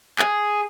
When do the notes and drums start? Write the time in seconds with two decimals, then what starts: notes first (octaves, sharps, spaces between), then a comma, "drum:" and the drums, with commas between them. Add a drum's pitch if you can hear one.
0.19 G#4, drum: clap